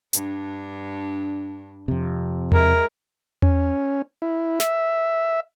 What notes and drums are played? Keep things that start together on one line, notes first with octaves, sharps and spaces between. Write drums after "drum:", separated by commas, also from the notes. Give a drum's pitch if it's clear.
G2 D4, drum: hi-hat
F2 C3
G#3 E4 A#4, drum: tom E2
C#4, drum: tom E2
E4
E5, drum: snare